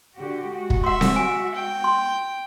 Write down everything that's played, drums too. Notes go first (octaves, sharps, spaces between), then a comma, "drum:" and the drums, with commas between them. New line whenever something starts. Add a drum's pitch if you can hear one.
D3 F#4 G4
G#3 F#4
drum: kick
E5 F#5 C6
drum: snare C4
G#5
G5
C6